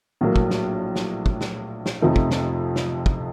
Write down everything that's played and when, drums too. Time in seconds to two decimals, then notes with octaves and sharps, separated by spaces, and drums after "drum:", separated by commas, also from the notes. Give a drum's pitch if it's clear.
0.21 A#1 A2 F#3 A#3
0.36 drum: kick
0.51 drum: snare
0.96 drum: snare
1.26 drum: kick
1.41 drum: snare
1.86 drum: snare
2.01 F2 C3 F3 A3 D#4
2.16 drum: kick
2.31 drum: snare
2.76 drum: snare
3.06 drum: kick